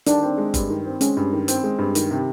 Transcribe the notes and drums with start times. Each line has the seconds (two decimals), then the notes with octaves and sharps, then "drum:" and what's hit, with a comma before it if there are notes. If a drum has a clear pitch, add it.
0.06 D#3 D4, drum: hi-hat
0.23 C4
0.38 G#3
0.54 G2, drum: kick F#1, hi-hat
0.70 D#3
0.85 C4
1.01 G#3 C#4, drum: hi-hat
1.17 G2
1.33 D#3
1.48 C4, drum: hi-hat
1.64 G#3
1.79 G2
1.95 D#3, drum: hi-hat
2.11 C3